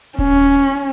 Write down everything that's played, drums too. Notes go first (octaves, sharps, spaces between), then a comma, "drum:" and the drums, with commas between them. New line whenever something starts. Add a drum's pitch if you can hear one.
C#4, drum: kick D#1
drum: hi-hat
drum: hi-hat